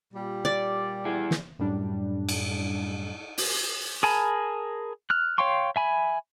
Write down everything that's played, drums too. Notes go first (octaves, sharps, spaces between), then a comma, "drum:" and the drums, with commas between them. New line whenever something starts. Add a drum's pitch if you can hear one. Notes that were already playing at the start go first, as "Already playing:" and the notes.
A#2 G3
D5
E4 G#4
drum: snare
F#2 A2 G3 D4
drum: cymbal
drum: open hi-hat
G#4 A#4 G#5 A5 B5
F6 F#6
C#5 F5 G5 C6 C#6
E5 G#5 B5